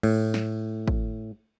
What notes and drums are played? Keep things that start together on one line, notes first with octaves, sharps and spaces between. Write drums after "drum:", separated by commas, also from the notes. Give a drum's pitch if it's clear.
A2, drum: cymbal
drum: snare
drum: kick